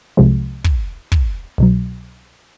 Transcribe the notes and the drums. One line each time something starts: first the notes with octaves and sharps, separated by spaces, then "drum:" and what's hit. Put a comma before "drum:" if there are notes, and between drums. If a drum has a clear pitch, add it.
C2 C3 F3 G#3
drum: kick
drum: kick
C2 B2 F#3